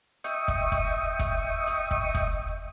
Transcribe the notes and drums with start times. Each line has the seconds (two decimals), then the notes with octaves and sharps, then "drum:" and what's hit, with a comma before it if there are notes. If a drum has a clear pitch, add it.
0.24 D#5 E5 G5 C#6 D#6, drum: hi-hat
0.48 drum: kick
0.72 drum: kick, hi-hat
1.19 drum: kick, hi-hat
1.67 drum: hi-hat
1.91 drum: kick
2.14 drum: kick, hi-hat